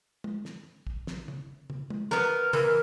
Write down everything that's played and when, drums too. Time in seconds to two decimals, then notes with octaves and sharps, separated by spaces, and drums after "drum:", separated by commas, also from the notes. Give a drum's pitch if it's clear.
0.24 drum: tom
0.45 drum: snare
0.87 drum: kick
1.07 drum: snare
1.28 drum: tom
1.70 drum: tom
1.90 drum: tom
2.11 B3 A#4, drum: snare
2.53 E3 A#4, drum: tom